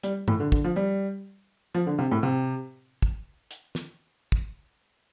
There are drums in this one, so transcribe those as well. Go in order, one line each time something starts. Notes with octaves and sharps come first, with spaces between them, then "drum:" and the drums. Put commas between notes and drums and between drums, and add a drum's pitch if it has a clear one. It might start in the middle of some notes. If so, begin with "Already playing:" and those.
G3, drum: hi-hat
A2, drum: tom G2
D3
D3, drum: kick
F3
G3
F3
D3
C3
A2
C3
drum: kick
drum: hi-hat
drum: snare
drum: kick